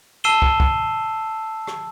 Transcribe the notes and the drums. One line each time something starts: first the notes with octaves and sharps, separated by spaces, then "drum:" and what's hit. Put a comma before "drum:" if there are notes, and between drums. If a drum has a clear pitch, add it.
A5 E6 C7 D#7 E7 G7
drum: kick
drum: kick
drum: rim click